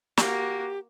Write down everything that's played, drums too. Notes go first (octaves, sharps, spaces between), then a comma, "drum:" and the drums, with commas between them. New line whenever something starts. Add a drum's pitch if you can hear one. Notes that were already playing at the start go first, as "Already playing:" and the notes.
A#3 F#4 G4, drum: snare